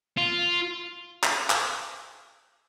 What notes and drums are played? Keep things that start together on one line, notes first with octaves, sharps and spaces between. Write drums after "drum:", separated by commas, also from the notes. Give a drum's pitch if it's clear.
F4
drum: clap
drum: clap